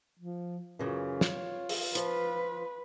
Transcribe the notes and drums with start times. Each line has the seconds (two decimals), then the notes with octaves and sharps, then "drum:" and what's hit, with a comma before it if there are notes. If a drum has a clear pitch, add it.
0.19 F3
0.79 F#2 C#3 E3 F4
1.21 C#5, drum: snare
1.69 drum: open hi-hat
1.95 F3 B4, drum: hi-hat